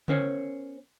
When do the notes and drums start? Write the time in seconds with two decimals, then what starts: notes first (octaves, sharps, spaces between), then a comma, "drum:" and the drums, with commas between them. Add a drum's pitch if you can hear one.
0.08 B3 C#4 A#4 C5 C#5, drum: tom C#3